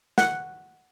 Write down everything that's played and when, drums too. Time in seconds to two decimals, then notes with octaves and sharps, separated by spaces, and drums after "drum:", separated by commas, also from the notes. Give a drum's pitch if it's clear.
0.18 F#5, drum: snare